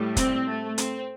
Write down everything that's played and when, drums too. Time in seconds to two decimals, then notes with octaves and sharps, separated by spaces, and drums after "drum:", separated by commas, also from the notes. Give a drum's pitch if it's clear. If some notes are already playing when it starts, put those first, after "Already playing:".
Already playing: A2 G3
0.17 C4, drum: kick, hi-hat
0.47 A3
0.78 C4, drum: hi-hat